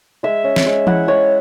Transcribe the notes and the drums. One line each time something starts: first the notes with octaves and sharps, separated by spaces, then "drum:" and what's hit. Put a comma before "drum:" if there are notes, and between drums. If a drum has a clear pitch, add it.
G#3 E5
C#4
drum: snare
G#3
E4 F#5, drum: tom E3
G#3 C#5